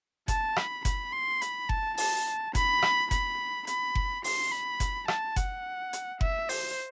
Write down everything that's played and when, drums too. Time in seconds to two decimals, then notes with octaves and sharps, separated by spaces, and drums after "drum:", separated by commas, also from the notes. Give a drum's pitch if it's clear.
0.28 A5, drum: kick F#1, hi-hat
0.56 B5, drum: rim click
0.85 B5, drum: kick F#1, hi-hat
1.13 C6
1.42 B5, drum: hi-hat
1.69 A5, drum: kick F#1
1.97 A5, drum: open hi-hat
2.55 B5, drum: kick F#1, hi-hat
2.82 drum: rim click
3.11 B5, drum: kick F#1, hi-hat
3.67 B5, drum: hi-hat
3.95 drum: kick F#1
4.24 C6, drum: open hi-hat
4.52 B5
4.80 drum: kick F#1, hi-hat
5.08 A5, drum: rim click
5.36 F#5, drum: kick F#1, hi-hat
5.93 drum: hi-hat
6.21 E5, drum: kick F#1
6.49 C5, drum: open hi-hat